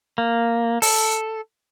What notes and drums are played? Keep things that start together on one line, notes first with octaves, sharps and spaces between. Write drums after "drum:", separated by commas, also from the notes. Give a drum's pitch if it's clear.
A#3
A4, drum: open hi-hat